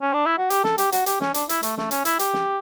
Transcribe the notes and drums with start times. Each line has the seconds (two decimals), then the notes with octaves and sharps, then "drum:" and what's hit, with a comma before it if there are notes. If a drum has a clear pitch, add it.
0.02 C#4
0.14 D4
0.26 E4
0.38 F#4
0.50 G4, drum: hi-hat
0.64 A4, drum: snare
0.78 G4, drum: hi-hat
0.92 F#4, drum: hi-hat
1.06 G4, drum: hi-hat
1.21 C#4, drum: snare
1.34 D4, drum: hi-hat
1.49 E4, drum: hi-hat
1.63 A3, drum: hi-hat
1.77 A3, drum: snare
1.91 C#4, drum: hi-hat
2.05 E4, drum: hi-hat
2.19 G4, drum: hi-hat
2.33 drum: snare